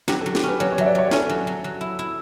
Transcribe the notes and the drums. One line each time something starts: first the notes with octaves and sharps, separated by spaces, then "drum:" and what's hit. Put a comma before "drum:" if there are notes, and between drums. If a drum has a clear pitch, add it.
F#3 G4, drum: snare
A4
F#3
G4, drum: snare
C#4 B4
F#3 C#5
C#5
F#3 E5
D5
F#3 C#5
G4
C#4 A4, drum: snare
F#3
F#3
F#3
E4
E4